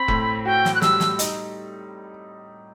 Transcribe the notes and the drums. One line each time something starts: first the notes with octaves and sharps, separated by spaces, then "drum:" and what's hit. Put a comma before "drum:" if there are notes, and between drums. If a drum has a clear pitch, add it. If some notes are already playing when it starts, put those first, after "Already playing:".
Already playing: C4 B5
A2, drum: kick F1
F#4 G5
drum: snare
F#6
G3 E6, drum: snare
drum: snare
D#4, drum: hi-hat